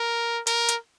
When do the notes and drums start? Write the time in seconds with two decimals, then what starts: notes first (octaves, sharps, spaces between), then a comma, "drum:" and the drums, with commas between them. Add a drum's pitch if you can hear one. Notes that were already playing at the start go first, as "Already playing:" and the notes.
Already playing: A#4
0.47 A#4, drum: hi-hat
0.69 drum: hi-hat